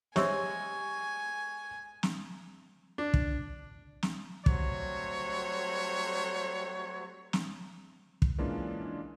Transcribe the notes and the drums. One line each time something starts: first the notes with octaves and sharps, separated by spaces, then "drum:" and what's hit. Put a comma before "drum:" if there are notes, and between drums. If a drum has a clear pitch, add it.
G#3 G4 C5 C#5 E5 G#5 C#6 E6, drum: snare
drum: snare
D4
drum: kick
drum: snare
F#3 G3 A3 C4 C5 C#5, drum: kick
drum: snare
drum: kick
E3 G#3 A#3 C#4 D4 F4